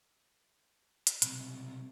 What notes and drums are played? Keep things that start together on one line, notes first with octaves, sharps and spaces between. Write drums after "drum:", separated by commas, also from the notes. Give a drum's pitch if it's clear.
drum: hi-hat
B1 C3, drum: hi-hat